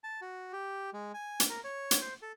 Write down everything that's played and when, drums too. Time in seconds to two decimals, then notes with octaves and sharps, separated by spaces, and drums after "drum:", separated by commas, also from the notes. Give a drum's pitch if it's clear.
0.04 A5
0.21 F#4
0.53 G4
0.93 G#3
1.14 G#5
1.40 drum: hi-hat
1.50 A#4
1.64 C#5
1.91 drum: hi-hat
2.01 C5
2.22 A4